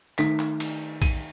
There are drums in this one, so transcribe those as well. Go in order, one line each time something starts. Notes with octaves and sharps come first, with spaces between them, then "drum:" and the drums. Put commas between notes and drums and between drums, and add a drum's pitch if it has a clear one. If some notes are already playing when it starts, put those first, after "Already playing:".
D#3 A3 D#4 B6, drum: clap
drum: clap
drum: cymbal
D#7, drum: kick, cymbal